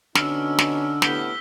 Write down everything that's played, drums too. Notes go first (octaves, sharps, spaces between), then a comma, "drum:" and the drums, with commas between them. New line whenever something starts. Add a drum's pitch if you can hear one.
B2 D3 C#4 D#4 E6 F6, drum: snare
drum: snare
A2 C3 B3 G6 B6 G7, drum: snare